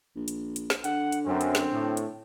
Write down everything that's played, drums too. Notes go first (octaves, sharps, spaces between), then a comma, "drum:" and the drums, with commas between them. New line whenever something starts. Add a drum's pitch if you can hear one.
A#1
drum: hi-hat
drum: hi-hat
drum: snare
D3 F#5, drum: hi-hat
drum: hi-hat
F#2 C4
drum: hi-hat
drum: snare
A2
drum: hi-hat